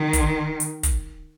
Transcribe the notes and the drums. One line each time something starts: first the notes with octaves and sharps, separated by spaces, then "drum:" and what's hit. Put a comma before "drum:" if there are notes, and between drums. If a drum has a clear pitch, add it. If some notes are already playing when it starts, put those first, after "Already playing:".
Already playing: D#3
drum: kick, hi-hat
drum: hi-hat
drum: kick, hi-hat